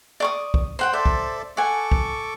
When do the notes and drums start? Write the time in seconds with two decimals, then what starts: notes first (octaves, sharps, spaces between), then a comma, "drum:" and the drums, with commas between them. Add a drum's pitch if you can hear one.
0.20 D5 C#6 D#6
0.54 drum: kick
0.79 C5 F#5 G5
0.93 A4 C5 D5 E5
1.06 drum: kick
1.57 A4 F#5 G#5 C#6 D6
1.92 drum: kick